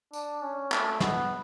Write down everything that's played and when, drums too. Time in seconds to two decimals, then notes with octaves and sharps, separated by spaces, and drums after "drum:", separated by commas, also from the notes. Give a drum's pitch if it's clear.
0.13 D4, drum: tambourine
0.42 C#4
0.72 A3, drum: clap
1.00 B3, drum: snare